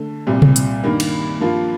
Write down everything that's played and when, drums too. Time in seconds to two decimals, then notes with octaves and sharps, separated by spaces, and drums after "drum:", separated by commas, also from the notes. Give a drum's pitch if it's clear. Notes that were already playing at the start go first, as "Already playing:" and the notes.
Already playing: D3 A3
0.27 C2 A#2 G3 C4
0.42 drum: tom C3
0.56 drum: hi-hat
0.83 G2 D#3 A#3
1.00 drum: cymbal
1.40 G2 F3 A#3 F4